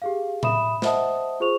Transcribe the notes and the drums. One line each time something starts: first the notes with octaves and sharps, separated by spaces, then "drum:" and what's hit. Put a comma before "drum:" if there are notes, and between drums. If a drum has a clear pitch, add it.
G4 G#4 F5
E5 B5 D#6 E7, drum: tom A2
C5 D#5 E5 F#5 A5 D#6, drum: snare
F4 G#4 C5 C#6 F7